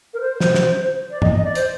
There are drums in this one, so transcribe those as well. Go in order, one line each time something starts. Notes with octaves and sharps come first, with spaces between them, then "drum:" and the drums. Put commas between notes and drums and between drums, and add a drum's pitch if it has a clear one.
A#4
C5
drum: snare
drum: snare
D5
D#5, drum: tom G2
D#5
D5
C5, drum: hi-hat